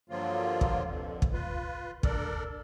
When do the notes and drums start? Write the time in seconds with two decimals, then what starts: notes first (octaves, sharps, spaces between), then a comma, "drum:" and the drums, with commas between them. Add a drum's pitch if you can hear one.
0.10 G2 D3 F3 F#3 A#3 F4
0.61 drum: kick
0.83 F2 D3
1.22 drum: kick
1.33 F4 B4
2.03 D4 A4 A#4 D5, drum: kick